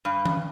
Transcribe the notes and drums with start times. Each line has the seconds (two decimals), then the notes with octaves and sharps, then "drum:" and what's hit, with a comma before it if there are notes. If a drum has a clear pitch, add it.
0.05 G2
0.25 drum: tom E3